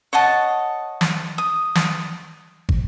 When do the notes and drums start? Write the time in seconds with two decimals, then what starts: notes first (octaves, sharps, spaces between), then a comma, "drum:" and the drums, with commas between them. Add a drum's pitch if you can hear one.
0.13 C#5 D#5 F#5 A5
1.01 drum: snare
1.38 D#6
1.75 drum: snare
2.69 drum: kick